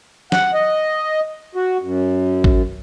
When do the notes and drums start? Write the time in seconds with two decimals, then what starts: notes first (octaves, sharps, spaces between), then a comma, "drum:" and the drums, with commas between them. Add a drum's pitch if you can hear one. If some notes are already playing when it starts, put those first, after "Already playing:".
0.32 F#5, drum: snare
0.54 D#5
1.55 F#4
1.82 F#2
2.44 drum: kick